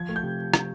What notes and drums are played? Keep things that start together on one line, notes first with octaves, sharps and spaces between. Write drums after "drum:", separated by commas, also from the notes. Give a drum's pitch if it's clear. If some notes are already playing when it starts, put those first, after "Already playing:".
Already playing: F3 G#6
A3
G6
C3
drum: rim click